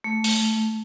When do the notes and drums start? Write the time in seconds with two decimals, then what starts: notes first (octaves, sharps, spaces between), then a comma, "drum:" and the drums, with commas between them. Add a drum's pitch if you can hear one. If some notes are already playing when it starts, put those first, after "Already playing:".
0.04 A3
0.24 drum: open hi-hat